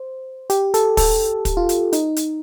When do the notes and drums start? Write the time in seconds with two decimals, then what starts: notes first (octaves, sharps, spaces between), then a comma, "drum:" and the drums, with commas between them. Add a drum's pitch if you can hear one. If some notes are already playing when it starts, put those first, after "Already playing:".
Already playing: C5
0.50 G4, drum: hi-hat
0.74 A4, drum: hi-hat
0.97 A4, drum: kick, open hi-hat
1.45 drum: kick, hi-hat
1.57 F4
1.69 drum: hi-hat
1.93 D#4, drum: hi-hat
2.16 drum: hi-hat